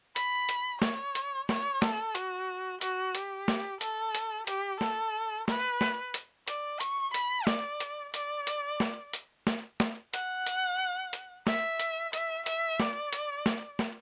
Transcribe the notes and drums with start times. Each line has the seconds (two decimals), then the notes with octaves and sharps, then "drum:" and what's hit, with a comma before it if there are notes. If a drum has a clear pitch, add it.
0.16 B5, drum: hi-hat
0.49 drum: hi-hat
0.82 C#5, drum: snare
1.15 drum: hi-hat
1.49 C#5, drum: snare
1.82 A4, drum: snare
2.15 F#4, drum: hi-hat
2.81 F#4, drum: hi-hat
3.15 G4, drum: hi-hat
3.48 drum: snare
3.81 A4, drum: hi-hat
4.15 drum: hi-hat
4.47 G4, drum: hi-hat
4.81 A4, drum: snare
5.48 B4, drum: snare
5.81 drum: snare
6.14 drum: hi-hat
6.48 D5, drum: hi-hat
6.80 C#6, drum: hi-hat
7.14 B5, drum: hi-hat
7.47 D5, drum: snare
7.80 drum: hi-hat
8.14 D5, drum: hi-hat
8.47 drum: hi-hat
8.80 drum: snare
9.13 drum: hi-hat
9.47 drum: snare
9.80 drum: snare
10.14 F#5, drum: hi-hat
10.46 drum: hi-hat
11.13 drum: hi-hat
11.47 E5, drum: snare
11.80 drum: hi-hat
12.13 E5, drum: hi-hat
12.46 E5, drum: hi-hat
12.80 D5, drum: snare
13.13 drum: hi-hat
13.46 drum: snare
13.79 drum: snare